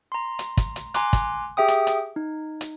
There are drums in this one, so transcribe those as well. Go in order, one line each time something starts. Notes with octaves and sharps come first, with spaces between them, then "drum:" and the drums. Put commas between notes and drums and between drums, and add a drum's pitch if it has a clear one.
A#5 C6
drum: hi-hat
drum: kick, hi-hat
drum: hi-hat
G#5 A#5 C6 D6 F#6, drum: hi-hat
drum: kick, hi-hat
G4 G#4 E5 G5 D#6
drum: hi-hat
drum: hi-hat
D#4
drum: hi-hat